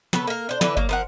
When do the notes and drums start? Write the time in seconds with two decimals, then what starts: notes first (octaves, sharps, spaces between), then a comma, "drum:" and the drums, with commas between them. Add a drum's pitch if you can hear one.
0.13 C#3 B3 A4 B4, drum: snare
0.27 A#3 A#4
0.49 D4 C5
0.61 D3 E3 D4 B4, drum: snare
0.77 F#3 A#3, drum: kick G1
0.89 F3 A#4 F#5